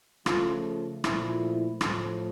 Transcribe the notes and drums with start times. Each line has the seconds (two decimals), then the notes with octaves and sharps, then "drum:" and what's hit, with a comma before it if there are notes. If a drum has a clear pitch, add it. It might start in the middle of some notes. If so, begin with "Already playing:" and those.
0.26 C#3 F3 A3 F4, drum: rim click
1.04 A#2 F3 A3 E4, drum: rim click
1.81 A2 F3 A3, drum: rim click